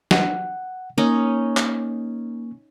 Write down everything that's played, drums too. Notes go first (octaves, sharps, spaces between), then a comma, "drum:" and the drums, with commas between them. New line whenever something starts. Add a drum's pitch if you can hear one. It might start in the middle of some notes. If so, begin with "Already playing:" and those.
F#5, drum: snare
A#3 C#4 D#4 D#5
drum: clap